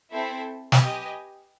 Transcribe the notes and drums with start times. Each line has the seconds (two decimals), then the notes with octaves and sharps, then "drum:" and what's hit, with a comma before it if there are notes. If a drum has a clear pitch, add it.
0.12 C4 E4 A4 C5 E5
0.72 drum: snare
0.81 G4 B4 D#5 G#5